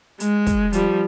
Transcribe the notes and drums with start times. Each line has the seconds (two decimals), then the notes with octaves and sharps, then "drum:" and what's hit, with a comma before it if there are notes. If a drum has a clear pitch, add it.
0.20 G#3, drum: hi-hat
0.47 drum: kick, hi-hat
0.73 F3 G3, drum: hi-hat